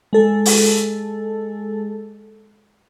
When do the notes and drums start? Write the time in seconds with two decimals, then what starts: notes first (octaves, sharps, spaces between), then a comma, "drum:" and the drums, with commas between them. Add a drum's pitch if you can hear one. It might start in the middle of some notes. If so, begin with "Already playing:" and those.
0.13 G#3 A4
0.46 drum: open hi-hat